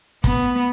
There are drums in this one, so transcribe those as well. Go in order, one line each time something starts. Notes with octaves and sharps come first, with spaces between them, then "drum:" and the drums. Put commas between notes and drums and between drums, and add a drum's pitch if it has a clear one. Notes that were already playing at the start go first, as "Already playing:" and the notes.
B3, drum: kick, hi-hat